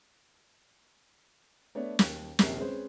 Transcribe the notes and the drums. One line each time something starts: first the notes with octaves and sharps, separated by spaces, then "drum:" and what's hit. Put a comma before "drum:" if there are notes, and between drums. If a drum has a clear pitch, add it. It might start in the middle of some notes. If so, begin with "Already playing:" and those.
A3 B3 D4 B4 C#5
D#2, drum: snare
A#1 D#2 C3 A#4 C7, drum: snare
G#3 C4 C#4 G#4 B4 C5